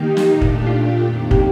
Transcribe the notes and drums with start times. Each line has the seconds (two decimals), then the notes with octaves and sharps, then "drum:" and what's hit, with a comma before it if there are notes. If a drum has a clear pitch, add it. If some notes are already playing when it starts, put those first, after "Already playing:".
Already playing: D#3 A#3 D#4 G4
0.17 drum: snare
0.30 A#2 A3 D4 G4
0.41 drum: kick
0.67 F4
1.05 F2 D#3 A#3
1.31 G4, drum: kick